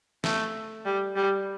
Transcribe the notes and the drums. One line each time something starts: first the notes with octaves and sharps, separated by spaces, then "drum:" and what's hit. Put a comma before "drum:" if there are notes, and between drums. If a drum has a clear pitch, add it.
A3, drum: snare
G3
G3